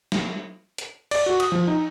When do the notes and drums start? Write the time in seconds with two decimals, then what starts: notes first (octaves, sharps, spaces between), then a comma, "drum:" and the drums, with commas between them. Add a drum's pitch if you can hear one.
0.12 drum: snare
0.78 drum: hi-hat
1.11 D5, drum: cymbal
1.26 F#4
1.40 D#6, drum: cymbal
1.52 F3
1.67 D#4